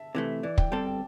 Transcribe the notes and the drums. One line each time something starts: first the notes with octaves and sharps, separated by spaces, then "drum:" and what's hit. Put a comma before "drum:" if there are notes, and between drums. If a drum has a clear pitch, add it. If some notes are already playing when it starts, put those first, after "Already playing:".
Already playing: E5 A5
C3 E3 A3
E3 D5
G5, drum: kick
G3 C4 A4 A5
G5